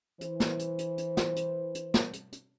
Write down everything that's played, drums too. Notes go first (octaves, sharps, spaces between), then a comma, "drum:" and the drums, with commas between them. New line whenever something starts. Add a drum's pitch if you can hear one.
E3 C5, drum: hi-hat
drum: snare
drum: hi-hat
drum: hi-hat
drum: hi-hat
drum: snare
drum: hi-hat
drum: hi-hat
drum: snare
drum: hi-hat
drum: hi-hat